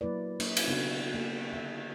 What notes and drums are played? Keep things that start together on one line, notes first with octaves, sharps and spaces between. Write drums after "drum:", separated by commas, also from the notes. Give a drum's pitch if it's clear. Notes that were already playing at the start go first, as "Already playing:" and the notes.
F#3 A#3 E4 B4 D5
A#3, drum: cymbal
drum: cymbal
C#3 B3 D4 D#4 F#4
A#3
D3 E5